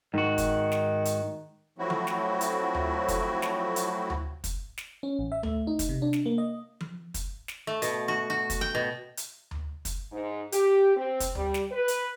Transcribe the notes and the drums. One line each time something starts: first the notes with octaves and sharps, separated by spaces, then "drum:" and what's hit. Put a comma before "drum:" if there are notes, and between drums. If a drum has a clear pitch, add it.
G#2 D#3 F#4
drum: kick, hi-hat
drum: snare
drum: hi-hat
F3 F#3 A3 C4 E4 F#4
drum: tom F3
drum: snare
drum: hi-hat
drum: tom D2
drum: kick, hi-hat
drum: snare
drum: hi-hat
drum: tom D2
drum: kick, hi-hat
drum: snare
C#4
A1
E5
A3, drum: tom D2
D#4
drum: kick, hi-hat
C3
D4
drum: snare
A#3
D#5
drum: tom F3
drum: kick, hi-hat
drum: snare
A3
B2, drum: hi-hat
F#4
F#4
drum: kick, hi-hat
G5
B2
drum: hi-hat
drum: tom D2
drum: kick, hi-hat
G#2
G4, drum: hi-hat
C4
drum: kick, hi-hat
G3, drum: tom D2
drum: snare
B4
drum: hi-hat